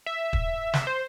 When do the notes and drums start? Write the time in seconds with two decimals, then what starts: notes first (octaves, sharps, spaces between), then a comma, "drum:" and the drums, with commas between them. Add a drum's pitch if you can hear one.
0.06 E5
0.33 drum: kick
0.74 drum: snare
0.87 C5